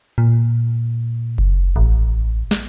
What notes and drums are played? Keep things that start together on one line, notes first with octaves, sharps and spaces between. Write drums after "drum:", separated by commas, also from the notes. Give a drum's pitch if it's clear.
A#2
drum: kick F#1
A1
drum: snare